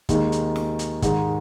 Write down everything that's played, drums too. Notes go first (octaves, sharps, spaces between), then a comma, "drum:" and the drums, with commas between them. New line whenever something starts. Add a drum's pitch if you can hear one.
D#2 D#3 G#3, drum: kick, hi-hat
drum: hi-hat
drum: snare
drum: hi-hat
G#2 D#3 G#3, drum: kick, hi-hat